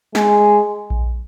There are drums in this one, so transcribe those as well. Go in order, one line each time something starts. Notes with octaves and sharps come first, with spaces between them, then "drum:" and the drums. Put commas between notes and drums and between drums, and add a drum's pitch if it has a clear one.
G#3, drum: snare
drum: kick A#1